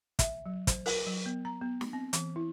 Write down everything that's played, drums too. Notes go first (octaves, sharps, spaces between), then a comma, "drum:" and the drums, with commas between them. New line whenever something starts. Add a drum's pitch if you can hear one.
E5, drum: kick, hi-hat
F#3
C5, drum: kick, hi-hat
A#4, drum: open hi-hat
F#3
B3
A#5
B3
drum: snare
C4
E3, drum: hi-hat
E4